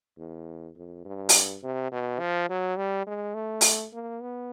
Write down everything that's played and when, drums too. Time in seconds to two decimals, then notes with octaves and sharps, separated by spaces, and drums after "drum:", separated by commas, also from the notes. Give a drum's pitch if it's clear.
0.18 E2
0.76 F2
1.05 G2
1.29 drum: open hi-hat
1.63 C3
1.92 B2
2.19 F3
2.49 F#3
2.77 G3
3.07 G#3
3.34 A3
3.61 drum: open hi-hat
3.93 A#3
4.22 B3